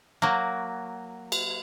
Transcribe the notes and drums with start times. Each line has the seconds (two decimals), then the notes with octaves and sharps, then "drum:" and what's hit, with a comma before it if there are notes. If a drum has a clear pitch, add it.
0.22 F#3 A#3
1.32 drum: cymbal